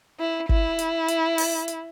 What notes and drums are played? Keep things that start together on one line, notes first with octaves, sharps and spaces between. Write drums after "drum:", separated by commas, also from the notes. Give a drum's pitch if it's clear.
E4
E4, drum: kick G1
drum: hi-hat
drum: hi-hat
drum: open hi-hat
drum: hi-hat